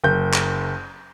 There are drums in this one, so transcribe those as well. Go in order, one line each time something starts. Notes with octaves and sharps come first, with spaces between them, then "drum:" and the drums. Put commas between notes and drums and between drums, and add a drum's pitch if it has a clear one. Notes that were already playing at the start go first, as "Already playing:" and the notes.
F#1 G6
drum: clap